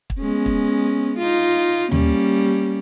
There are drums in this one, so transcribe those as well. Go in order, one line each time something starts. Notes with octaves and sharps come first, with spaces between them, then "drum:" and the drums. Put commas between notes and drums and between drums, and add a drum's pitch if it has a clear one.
drum: kick
G#3 B3 C#4
drum: kick
D#4 F4
G3 A#3 C#4, drum: tom D#2